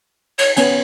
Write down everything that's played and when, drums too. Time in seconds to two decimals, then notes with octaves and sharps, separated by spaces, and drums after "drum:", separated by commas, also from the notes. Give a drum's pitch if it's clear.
0.39 C#5, drum: cymbal
0.57 B3 C#4 C#5 G#5, drum: cymbal